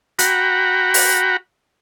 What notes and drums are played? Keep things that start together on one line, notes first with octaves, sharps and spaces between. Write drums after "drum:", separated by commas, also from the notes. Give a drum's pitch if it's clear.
F#4 F#5 G5 A#5 B5, drum: hi-hat
drum: open hi-hat